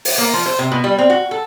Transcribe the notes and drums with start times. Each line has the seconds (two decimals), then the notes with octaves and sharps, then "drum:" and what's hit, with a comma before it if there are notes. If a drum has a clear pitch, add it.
0.05 drum: open hi-hat
0.18 A#3
0.33 F3
0.46 C5
0.59 C3
0.72 B2
0.84 G3
0.98 C4
1.10 F#4
1.31 A4